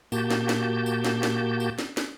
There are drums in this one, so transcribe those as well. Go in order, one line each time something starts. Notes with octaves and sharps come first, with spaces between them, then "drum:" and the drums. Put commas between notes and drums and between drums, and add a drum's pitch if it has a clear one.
A#2 A#3 F#4 G4 A5 G6, drum: tambourine
drum: snare
drum: snare
drum: tambourine
drum: snare
drum: snare
drum: tambourine
drum: snare
drum: snare